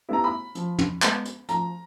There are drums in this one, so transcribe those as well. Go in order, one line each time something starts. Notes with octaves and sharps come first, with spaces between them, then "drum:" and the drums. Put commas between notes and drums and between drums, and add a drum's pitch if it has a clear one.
G3 B3 E4 A#5
B5
F3, drum: hi-hat
drum: tom
G#3 B3, drum: clap
drum: hi-hat
F3 A#5, drum: hi-hat